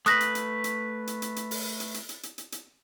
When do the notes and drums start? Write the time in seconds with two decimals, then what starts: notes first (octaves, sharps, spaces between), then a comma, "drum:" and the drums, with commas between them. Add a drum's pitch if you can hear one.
0.06 A3 B4 D#6 F#6 A#6, drum: hi-hat
0.21 drum: hi-hat
0.35 drum: hi-hat
0.64 drum: hi-hat
1.07 drum: hi-hat
1.22 drum: hi-hat
1.36 drum: hi-hat
1.51 drum: open hi-hat
1.80 drum: hi-hat
1.94 drum: hi-hat
2.09 drum: hi-hat
2.23 drum: hi-hat
2.38 drum: hi-hat
2.52 drum: hi-hat